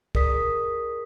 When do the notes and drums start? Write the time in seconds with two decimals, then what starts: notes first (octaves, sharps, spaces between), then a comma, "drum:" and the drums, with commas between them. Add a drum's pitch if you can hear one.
0.15 G#4 A#4 D5 D#6 B6, drum: kick